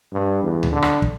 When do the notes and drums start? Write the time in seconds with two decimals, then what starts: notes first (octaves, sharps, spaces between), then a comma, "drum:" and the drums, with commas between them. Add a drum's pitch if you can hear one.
0.13 G2
0.43 E2
0.63 drum: tom D2
0.72 D3
0.82 drum: rim click
1.02 drum: kick